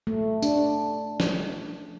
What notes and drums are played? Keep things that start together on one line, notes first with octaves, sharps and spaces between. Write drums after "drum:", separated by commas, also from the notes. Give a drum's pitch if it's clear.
A3
D4, drum: tambourine
drum: snare